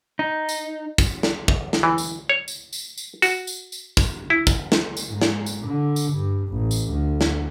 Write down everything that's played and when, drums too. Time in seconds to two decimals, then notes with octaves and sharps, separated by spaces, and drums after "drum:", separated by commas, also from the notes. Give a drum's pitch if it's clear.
0.19 D#4
0.49 drum: tambourine
0.98 drum: kick, tambourine
1.23 drum: snare
1.48 drum: kick
1.73 drum: snare
1.83 E3
1.98 drum: tambourine
2.29 C#5
2.48 drum: tambourine
2.73 drum: tambourine
2.98 drum: tambourine
3.22 F#4, drum: tambourine
3.47 drum: tambourine
3.72 drum: tambourine
3.97 drum: kick, tambourine
4.30 E4
4.47 drum: kick, tambourine
4.72 drum: snare
4.97 drum: tambourine
5.09 G#2
5.22 drum: snare
5.46 drum: tambourine
5.67 D3
5.96 drum: tambourine
6.13 G2
6.49 A1
6.71 drum: tambourine
6.91 D2
7.21 drum: snare